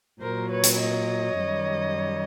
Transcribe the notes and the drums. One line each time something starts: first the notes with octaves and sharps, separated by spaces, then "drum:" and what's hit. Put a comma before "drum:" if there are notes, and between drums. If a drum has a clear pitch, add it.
A#2 F#3 A#4 C5
B4 C#5
drum: hi-hat
C#5 D#5
F#2 D#3 G3